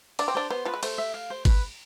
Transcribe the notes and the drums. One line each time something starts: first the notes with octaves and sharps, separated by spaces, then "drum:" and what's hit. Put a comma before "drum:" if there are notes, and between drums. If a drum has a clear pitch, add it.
D4 D5, drum: cymbal
C4
D4 C5
B3 C5
F3 B4
G#3
A3 C5, drum: cymbal
E5
F5
C5
B4, drum: kick G#1, cymbal